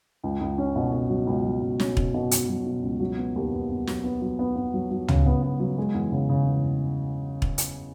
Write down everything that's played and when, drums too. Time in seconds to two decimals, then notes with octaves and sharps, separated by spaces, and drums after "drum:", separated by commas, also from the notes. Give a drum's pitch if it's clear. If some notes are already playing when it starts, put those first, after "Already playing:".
0.24 C#2
0.41 C#2
0.58 C#4
0.76 B2
0.93 B2
1.10 F#3
1.27 C#2
1.45 F#3
1.62 C#2
1.80 C#4, drum: snare
1.97 B2, drum: kick E1
2.14 B2
2.31 B2, drum: hi-hat
2.49 F#3
2.66 B2
2.84 C#2
3.00 F#3
3.17 B3
3.36 D#2
3.52 B3
3.70 B3
3.87 F#3, drum: snare
4.04 B3
4.22 F#3
4.39 B3
4.56 B3
4.74 F#3
4.91 F#3
5.08 C#3, drum: tom
5.26 B3
5.43 B3
5.60 F#3
5.78 G#3
5.94 E2
6.12 C#3
6.29 C#3
6.47 E2
7.42 drum: kick E1
7.58 drum: hi-hat